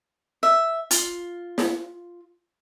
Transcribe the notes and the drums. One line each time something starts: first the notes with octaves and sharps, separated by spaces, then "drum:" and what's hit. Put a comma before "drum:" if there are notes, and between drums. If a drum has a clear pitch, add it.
E5
F4, drum: hi-hat
drum: snare